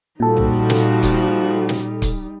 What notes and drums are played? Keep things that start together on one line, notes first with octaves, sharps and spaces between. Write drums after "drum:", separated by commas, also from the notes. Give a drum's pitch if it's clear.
A#2 F3 G3 D#4 F#4 A4
drum: tom
drum: snare
drum: kick C#1, hi-hat
drum: snare
drum: kick C#1, hi-hat